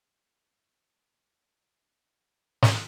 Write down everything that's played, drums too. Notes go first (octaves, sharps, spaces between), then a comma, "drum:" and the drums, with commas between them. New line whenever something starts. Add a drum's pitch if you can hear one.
C#5 F#5
drum: snare